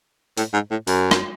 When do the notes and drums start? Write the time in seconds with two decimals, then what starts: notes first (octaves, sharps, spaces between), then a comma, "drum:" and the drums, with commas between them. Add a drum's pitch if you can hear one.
0.37 A2, drum: open hi-hat
0.54 G#2
0.71 A2
0.87 F#2, drum: open hi-hat
1.11 drum: rim click